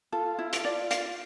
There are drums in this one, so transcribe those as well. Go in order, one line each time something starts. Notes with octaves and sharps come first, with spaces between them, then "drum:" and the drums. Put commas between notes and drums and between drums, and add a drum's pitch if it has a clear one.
F4 A4
E4
drum: hi-hat
D5
F5, drum: hi-hat